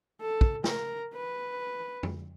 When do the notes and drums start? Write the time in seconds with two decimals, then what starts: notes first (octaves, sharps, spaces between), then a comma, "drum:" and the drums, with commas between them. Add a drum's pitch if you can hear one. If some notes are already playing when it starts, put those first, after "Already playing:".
0.21 A4
0.41 drum: kick
0.64 A#4, drum: snare
1.15 B4
2.03 drum: tom F2